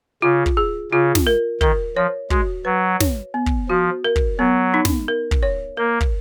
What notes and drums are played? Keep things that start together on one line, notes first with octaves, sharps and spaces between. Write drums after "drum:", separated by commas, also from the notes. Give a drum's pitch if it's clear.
C#3 F4
drum: kick
G#4
C#3 F4
drum: snare
A#4
D#3 A#4, drum: kick
F3 C#5
G#3 F#4, drum: kick
F#3 B4
C#5, drum: snare
B3
drum: kick
F3 F#4
A#4
drum: kick
F#3 B3
D#4
drum: snare
A#4
drum: kick
C#5
A#3 A#4
drum: kick